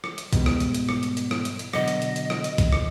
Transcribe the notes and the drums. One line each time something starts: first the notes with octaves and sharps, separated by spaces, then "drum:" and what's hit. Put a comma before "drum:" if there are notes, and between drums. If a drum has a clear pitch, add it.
drum: rim click
drum: hi-hat
G#2 B2 G3, drum: kick, hi-hat
drum: rim click
drum: hi-hat
drum: hi-hat
drum: rim click
drum: hi-hat
drum: hi-hat
drum: rim click
drum: hi-hat
drum: hi-hat
B2 D3 F#3 D#5, drum: rim click
drum: hi-hat
drum: hi-hat
drum: hi-hat
drum: rim click
drum: hi-hat
drum: kick, hi-hat
drum: rim click